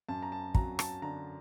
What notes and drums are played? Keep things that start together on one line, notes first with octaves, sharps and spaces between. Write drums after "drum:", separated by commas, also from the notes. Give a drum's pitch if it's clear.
F#2 A5
A#5
A5
F#3 A#5, drum: kick
A5, drum: rim click
D3 A#5